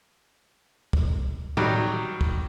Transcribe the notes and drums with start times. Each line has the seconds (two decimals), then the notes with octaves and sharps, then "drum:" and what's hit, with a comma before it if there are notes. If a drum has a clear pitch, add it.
0.93 drum: kick
1.57 D#3 F#3 G3, drum: tom A2
2.21 drum: kick